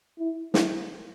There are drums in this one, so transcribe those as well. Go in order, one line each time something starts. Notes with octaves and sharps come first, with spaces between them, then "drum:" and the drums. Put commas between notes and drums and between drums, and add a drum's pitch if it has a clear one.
E4
E4, drum: snare